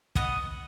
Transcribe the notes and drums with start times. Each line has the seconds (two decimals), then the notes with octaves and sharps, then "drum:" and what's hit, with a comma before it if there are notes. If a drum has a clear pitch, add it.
0.16 B3 D#5 F#5, drum: kick